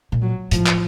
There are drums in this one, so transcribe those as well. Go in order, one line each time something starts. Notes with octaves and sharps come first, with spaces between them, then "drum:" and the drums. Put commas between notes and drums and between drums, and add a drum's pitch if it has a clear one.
A#2
F#3
A2 F3, drum: hi-hat
drum: clap